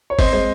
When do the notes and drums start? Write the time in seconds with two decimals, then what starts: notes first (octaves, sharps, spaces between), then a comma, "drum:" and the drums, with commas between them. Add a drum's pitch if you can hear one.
0.10 C#5
0.19 C4 C5 D#5, drum: kick, open hi-hat
0.33 G#3 C5 D#5